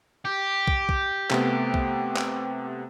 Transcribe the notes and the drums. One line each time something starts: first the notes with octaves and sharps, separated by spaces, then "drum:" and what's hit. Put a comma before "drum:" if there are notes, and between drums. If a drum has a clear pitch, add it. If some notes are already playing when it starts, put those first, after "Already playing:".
G4
drum: kick
drum: kick
C3 A3 B3, drum: clap
drum: kick
drum: clap